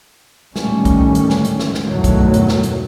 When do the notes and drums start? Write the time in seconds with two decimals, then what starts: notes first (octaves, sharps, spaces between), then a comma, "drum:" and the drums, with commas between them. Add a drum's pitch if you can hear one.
0.56 D2 A2 D#3 G3 A3 C#4, drum: snare
0.85 drum: kick B1, hi-hat
1.15 drum: hi-hat
1.30 drum: snare
1.45 drum: hi-hat
1.60 drum: snare
1.74 drum: snare
1.85 E2 G2 B2 D#3 F#3 A3
2.04 drum: kick B1, hi-hat
2.34 drum: hi-hat
2.49 drum: snare
2.63 drum: hi-hat